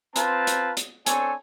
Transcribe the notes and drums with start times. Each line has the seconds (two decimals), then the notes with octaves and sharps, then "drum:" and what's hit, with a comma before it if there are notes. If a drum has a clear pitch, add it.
0.16 C4 F4 B4 A5 A#5, drum: hi-hat
0.47 drum: hi-hat
0.77 drum: hi-hat
1.06 C4 D4 A4 C#5 G#5, drum: hi-hat